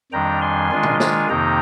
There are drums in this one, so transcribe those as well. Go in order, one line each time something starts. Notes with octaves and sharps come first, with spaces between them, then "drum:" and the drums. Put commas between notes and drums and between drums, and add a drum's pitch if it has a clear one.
F2 D#3 G3 D4 G5 A#5
G#5 C6
D#3 G#3 D4 F4
drum: tom
F5 G#5, drum: snare
F2 C3 D#3 A#3 D#4 G5 A#5